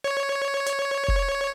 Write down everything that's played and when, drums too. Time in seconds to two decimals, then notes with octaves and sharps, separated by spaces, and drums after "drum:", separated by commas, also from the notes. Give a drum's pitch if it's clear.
0.04 C#5
0.66 drum: hi-hat
1.08 drum: kick